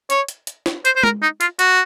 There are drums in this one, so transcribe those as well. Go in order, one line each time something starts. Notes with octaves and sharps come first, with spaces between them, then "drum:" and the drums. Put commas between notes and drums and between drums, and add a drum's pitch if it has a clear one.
C#5, drum: hi-hat
drum: hi-hat
drum: hi-hat
drum: snare
C5, drum: hi-hat
C5
A#4, drum: tom G#3
D#4
F4, drum: hi-hat
F#4, drum: hi-hat